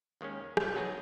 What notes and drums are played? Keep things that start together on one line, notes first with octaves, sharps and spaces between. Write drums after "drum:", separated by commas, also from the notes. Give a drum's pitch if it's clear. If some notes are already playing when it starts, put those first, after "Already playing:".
D#2 D#3 G#3 C#4
drum: rim click
F#3 B3 D#4 G#4 C#5